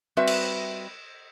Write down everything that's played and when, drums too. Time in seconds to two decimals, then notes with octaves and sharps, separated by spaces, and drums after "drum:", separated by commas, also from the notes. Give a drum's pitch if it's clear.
0.17 G3 C4 F#4 B4 E5
0.27 drum: cymbal